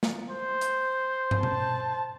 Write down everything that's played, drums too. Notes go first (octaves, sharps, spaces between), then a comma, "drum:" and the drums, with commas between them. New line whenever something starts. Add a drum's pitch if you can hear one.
drum: snare
C5
drum: hi-hat
drum: tom
A5, drum: tom